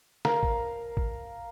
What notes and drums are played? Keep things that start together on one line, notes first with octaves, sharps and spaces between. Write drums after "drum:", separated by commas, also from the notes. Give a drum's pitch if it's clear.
A#4 F5, drum: snare
drum: kick A1
drum: kick A1